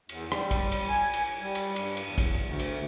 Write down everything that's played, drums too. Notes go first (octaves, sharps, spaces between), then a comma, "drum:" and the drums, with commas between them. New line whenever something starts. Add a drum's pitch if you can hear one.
E2, drum: cymbal
G3, drum: rim click
drum: kick, cymbal
drum: cymbal
G#5
drum: cymbal
G3
drum: cymbal
G2, drum: cymbal
drum: cymbal
E2
drum: kick, cymbal
D2
drum: cymbal